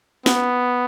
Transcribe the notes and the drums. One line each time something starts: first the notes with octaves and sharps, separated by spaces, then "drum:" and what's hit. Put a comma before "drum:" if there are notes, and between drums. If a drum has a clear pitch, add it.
B3, drum: snare